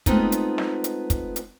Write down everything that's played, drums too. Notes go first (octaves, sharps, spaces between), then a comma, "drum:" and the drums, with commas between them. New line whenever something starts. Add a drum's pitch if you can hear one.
G#3 A3 B3 C4 D#4 F4, drum: kick, hi-hat
drum: hi-hat
drum: snare
drum: hi-hat
drum: kick, hi-hat
drum: hi-hat